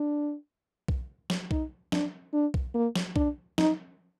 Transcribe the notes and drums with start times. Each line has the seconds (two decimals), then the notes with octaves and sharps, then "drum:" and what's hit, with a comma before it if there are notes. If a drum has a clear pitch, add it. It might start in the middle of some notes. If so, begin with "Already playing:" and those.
Already playing: D4
0.88 drum: kick B1
1.30 drum: snare
1.51 D#4, drum: kick B1
1.92 D4, drum: snare
2.33 D4
2.54 drum: kick B1
2.74 A#3
2.96 drum: snare
3.16 D4, drum: kick B1
3.58 D#4, drum: snare